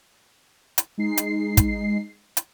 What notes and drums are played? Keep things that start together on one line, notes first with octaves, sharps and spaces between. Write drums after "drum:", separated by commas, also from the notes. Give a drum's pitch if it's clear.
drum: hi-hat
G#3 D#4 C7
drum: hi-hat
drum: kick, hi-hat
drum: hi-hat